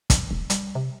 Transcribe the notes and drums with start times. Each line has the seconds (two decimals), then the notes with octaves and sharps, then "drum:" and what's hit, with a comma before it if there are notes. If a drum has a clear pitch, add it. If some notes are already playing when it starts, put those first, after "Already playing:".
0.10 A#1, drum: kick, hi-hat
0.31 E1
0.50 G3, drum: hi-hat
0.75 C3